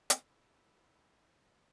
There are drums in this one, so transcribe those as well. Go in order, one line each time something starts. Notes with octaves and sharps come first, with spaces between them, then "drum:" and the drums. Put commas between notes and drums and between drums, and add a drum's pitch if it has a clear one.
E4, drum: hi-hat